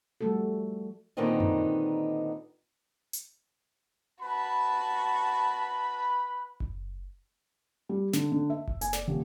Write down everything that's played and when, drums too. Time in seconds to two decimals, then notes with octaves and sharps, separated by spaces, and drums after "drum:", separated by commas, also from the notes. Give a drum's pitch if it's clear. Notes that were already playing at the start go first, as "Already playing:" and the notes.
0.21 F3 G3 A3 F#4 A4
1.17 A#2 D3 D#3 B3 C4 D#4
1.40 drum: tom F#2
3.13 drum: hi-hat
4.22 F#4 B4 A5 B5
6.60 drum: kick F#1
7.89 G3
8.13 D3, drum: snare
8.32 D3
8.50 E5
8.68 drum: kick F#1
8.81 G#5, drum: hi-hat
8.93 D5, drum: snare
9.07 D#1